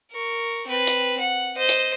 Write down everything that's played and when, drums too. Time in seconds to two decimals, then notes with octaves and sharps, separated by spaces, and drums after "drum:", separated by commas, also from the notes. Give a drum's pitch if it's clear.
0.11 A#4 C#6
0.67 C4 B4
0.87 drum: hi-hat
1.20 F#5
1.57 C5 D#5
1.69 drum: hi-hat